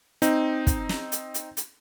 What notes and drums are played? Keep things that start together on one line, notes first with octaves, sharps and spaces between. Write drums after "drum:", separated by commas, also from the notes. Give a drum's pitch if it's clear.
C4 D#4, drum: hi-hat
drum: kick, hi-hat
drum: snare
drum: hi-hat
drum: hi-hat
drum: hi-hat